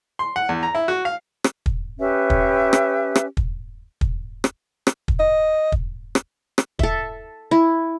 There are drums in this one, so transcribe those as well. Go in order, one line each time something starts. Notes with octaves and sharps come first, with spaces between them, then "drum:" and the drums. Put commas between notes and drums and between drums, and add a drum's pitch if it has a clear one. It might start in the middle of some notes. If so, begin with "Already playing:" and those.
C6
F#5
E2
A#5
E4
F#4
F5
drum: rim click
drum: kick
C#4 G4 B4 E5
drum: kick
drum: rim click
drum: rim click
drum: kick
drum: kick
drum: rim click
drum: rim click
drum: kick
D#5
drum: kick
drum: rim click
drum: rim click
A4 E5, drum: kick
E4